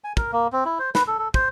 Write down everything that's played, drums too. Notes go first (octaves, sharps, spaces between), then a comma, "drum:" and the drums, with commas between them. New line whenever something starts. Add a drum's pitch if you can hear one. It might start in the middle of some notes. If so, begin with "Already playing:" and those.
G#5
A#4, drum: kick
A#3
C4
E4
C5
B4, drum: snare
A4
A4
C5, drum: kick